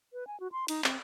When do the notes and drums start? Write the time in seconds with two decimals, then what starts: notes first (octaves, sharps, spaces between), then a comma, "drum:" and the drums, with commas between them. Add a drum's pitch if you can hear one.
0.13 B4
0.27 G#5
0.40 F#4
0.52 C6
0.68 D#4, drum: cymbal
0.84 C4, drum: clap